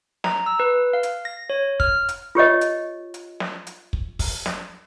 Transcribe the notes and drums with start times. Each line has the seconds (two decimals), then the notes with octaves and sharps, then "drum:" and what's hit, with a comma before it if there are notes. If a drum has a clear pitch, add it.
0.24 A#5, drum: snare
0.46 E6
0.60 B4
0.93 F5
1.03 drum: hi-hat
1.25 A#6
1.50 C#5
1.80 F6, drum: kick
2.09 drum: hi-hat
2.35 F4 G4 C#5 D#5
2.61 drum: hi-hat
3.14 drum: hi-hat
3.40 drum: snare
3.67 drum: hi-hat
3.93 drum: kick
4.19 drum: kick, open hi-hat
4.46 drum: snare